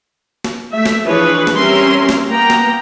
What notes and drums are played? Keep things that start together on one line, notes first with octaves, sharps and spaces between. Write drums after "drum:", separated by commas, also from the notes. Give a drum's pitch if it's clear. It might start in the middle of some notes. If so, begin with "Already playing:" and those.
drum: snare
A3 E5
drum: snare
E3 F3 D4 G#4 B4 C#5
drum: snare
G3 C4 C#4 A#4 E5 C6
drum: snare
A#3 B3 G5 A#5
drum: snare